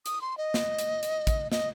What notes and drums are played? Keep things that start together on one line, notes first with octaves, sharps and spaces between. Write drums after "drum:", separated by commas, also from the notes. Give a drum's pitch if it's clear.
D#6, drum: hi-hat
C6
D#5
drum: snare
drum: hi-hat
drum: hi-hat
drum: kick, hi-hat
D#5, drum: snare